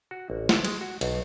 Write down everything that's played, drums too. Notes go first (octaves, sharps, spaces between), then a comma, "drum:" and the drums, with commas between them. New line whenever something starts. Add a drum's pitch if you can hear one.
F#4
A1
E5, drum: snare
G#3, drum: cymbal
F#4
B1, drum: cymbal